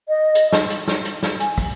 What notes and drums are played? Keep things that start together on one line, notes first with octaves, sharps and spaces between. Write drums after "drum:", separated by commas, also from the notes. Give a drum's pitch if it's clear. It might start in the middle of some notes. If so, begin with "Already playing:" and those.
D#5
drum: hi-hat
drum: snare
drum: hi-hat
drum: snare
drum: hi-hat
drum: snare
G#5, drum: hi-hat
drum: kick, open hi-hat